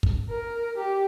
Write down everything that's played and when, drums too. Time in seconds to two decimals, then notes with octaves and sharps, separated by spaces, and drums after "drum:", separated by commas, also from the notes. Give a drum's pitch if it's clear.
0.03 drum: kick
0.29 A#4
0.77 G4